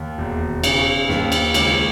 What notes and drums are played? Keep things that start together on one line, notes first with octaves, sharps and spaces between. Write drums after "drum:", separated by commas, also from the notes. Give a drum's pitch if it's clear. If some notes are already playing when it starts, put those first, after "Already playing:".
Already playing: D#2
E1
C#3, drum: cymbal
D#2, drum: snare
drum: cymbal
C#2, drum: cymbal